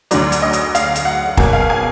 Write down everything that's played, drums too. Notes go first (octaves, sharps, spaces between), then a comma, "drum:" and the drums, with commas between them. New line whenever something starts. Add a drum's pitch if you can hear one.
D2 D3 F#3 D5, drum: hi-hat
drum: hi-hat
D#5
drum: hi-hat
F5, drum: hi-hat
drum: hi-hat
F#5
B2 F#3 A#3 G#5, drum: kick
F5
G#5